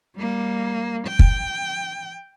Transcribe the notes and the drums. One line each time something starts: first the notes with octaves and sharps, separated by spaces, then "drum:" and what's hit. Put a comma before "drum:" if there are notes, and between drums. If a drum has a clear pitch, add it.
G3 A#3
G5
drum: kick